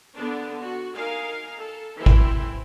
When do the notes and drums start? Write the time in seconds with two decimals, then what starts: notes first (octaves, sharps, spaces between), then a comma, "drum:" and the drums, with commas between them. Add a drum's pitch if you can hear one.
0.15 D3 B3 D4
0.61 F#4
0.95 D#4 A#4 F5 G#5
1.57 A4
1.97 E3 C4 E4
2.06 drum: kick G#1